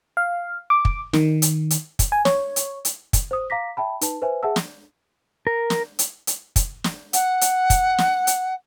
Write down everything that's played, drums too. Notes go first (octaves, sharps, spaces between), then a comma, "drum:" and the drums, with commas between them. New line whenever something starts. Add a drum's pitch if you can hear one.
F5
D6
drum: kick
D#3, drum: snare
drum: hi-hat
drum: hi-hat
drum: kick, hi-hat
G#5
C#5, drum: snare
drum: hi-hat
drum: hi-hat
drum: kick, hi-hat
C5 D#6
F5 A#5 D6 A#6 B6
E5 G5 A5 B5
D#4 B4 A5, drum: hi-hat
B4 C5 E5 G#5
G#4 E5 F#5 A5 E6
drum: snare
A#4
drum: snare
drum: hi-hat
drum: hi-hat
drum: kick, hi-hat
drum: snare
F#5, drum: hi-hat
drum: hi-hat
drum: kick, hi-hat
drum: snare
drum: hi-hat